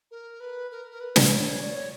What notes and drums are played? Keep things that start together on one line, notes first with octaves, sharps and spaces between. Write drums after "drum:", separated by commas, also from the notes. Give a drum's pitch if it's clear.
A#4
B4
A#4
A#4
B4
C5, drum: snare
C#5
D5
C#5